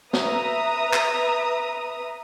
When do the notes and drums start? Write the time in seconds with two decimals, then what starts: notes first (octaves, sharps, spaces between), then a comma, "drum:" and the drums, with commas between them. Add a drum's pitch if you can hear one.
0.13 B4 E5 A#5 D#6, drum: snare
0.93 drum: clap